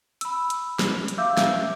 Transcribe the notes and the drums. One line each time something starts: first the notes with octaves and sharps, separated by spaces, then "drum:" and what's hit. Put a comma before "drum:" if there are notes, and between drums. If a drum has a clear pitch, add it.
B5 E6, drum: hi-hat
drum: hi-hat
drum: snare
drum: hi-hat
E5 F5 D6 E6 G6
drum: snare